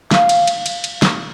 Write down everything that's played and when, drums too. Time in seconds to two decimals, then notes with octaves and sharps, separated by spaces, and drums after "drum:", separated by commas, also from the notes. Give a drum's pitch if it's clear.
0.11 F5, drum: snare
0.29 drum: cymbal
0.47 drum: cymbal
0.66 drum: cymbal
0.84 drum: cymbal
1.02 drum: snare